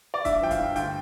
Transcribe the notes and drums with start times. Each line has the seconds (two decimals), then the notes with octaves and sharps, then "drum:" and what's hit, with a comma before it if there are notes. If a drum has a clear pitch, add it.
0.14 D5
0.25 G2 E5, drum: kick, hi-hat
0.42 F3 G5
0.51 F5, drum: kick, hi-hat
0.60 G2
0.76 D2 G5, drum: hi-hat